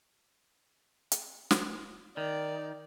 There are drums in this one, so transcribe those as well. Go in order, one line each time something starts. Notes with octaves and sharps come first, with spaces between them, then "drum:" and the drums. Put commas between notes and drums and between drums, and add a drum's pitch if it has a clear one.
drum: hi-hat
drum: snare
D#3 D5